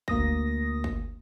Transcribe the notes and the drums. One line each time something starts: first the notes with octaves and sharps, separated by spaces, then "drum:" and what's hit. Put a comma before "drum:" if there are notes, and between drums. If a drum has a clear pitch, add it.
D2 A#3 D#6 A#6, drum: kick G1
drum: kick G1